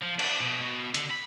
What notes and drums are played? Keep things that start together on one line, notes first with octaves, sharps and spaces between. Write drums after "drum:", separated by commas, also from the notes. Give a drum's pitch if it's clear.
F3
D4, drum: cymbal
B2
B2
D3, drum: hi-hat
B5